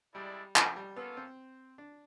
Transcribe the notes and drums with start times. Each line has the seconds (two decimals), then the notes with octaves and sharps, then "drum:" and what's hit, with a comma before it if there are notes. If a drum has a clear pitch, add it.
0.14 G3 G#3 C4 E4 A4 D5
0.56 F3, drum: clap
0.76 G3
0.96 A#3 B3 C#4 F4 A4
1.17 C4
1.78 D4